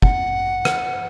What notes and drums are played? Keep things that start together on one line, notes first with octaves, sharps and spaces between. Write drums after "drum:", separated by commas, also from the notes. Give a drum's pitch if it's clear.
F#5, drum: kick
drum: rim click